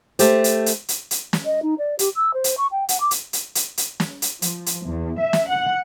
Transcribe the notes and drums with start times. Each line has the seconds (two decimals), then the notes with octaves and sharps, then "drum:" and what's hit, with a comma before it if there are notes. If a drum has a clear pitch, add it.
0.19 A3 G4 C5, drum: hi-hat
0.44 drum: hi-hat
0.66 drum: hi-hat
0.88 drum: hi-hat
1.11 drum: hi-hat
1.33 drum: snare
1.45 D#5
1.62 D#4
1.78 D5
1.99 G4, drum: hi-hat
2.16 E6
2.34 C5
2.44 drum: hi-hat
2.57 C#6
2.72 G5
2.89 F#5, drum: hi-hat
3.00 D6
3.11 drum: hi-hat
3.33 drum: hi-hat
3.55 drum: hi-hat
3.77 drum: hi-hat
4.00 drum: snare
4.22 drum: hi-hat
4.42 F3, drum: hi-hat
4.66 drum: hi-hat
4.85 E2
5.20 E5
5.33 drum: snare
5.50 F#5